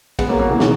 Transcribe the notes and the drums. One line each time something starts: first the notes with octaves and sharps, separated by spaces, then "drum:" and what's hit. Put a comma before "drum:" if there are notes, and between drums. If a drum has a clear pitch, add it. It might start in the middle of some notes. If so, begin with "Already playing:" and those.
G#3 B3, drum: kick, cymbal
F#3 A#3
F#3 A#3
C#3 E3
B2 D#3, drum: snare